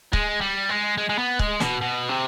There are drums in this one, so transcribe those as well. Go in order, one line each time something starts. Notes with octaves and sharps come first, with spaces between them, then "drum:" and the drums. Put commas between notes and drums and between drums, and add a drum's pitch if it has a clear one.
G#3, drum: kick C#1
G3
G#3
G#3
G#3
B3
G#3, drum: kick C#1
B2, drum: snare
B2
C3